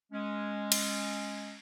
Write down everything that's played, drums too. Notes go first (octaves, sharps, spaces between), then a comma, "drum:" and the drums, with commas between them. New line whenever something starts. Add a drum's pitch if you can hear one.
G#3 C#4
drum: cymbal